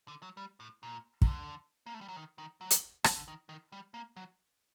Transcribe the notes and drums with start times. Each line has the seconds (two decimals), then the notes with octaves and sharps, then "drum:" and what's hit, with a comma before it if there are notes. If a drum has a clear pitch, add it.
0.08 D3
0.23 F#3
0.37 G3
0.60 A2
0.83 A#2
1.22 C3, drum: kick
1.27 D3
1.86 A#3
1.94 A3
2.01 G3
2.08 F#3
2.16 D#3
2.38 D#3
2.61 F#3
2.71 drum: hi-hat
3.04 F#3, drum: rim click
3.16 D3
3.28 D#3
3.49 D#3
3.72 G3
3.94 A#3
4.16 F#3